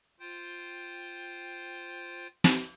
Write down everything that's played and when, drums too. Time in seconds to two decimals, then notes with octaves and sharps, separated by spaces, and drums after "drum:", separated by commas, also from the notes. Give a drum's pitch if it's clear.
0.20 F4 C5 G5
2.44 drum: snare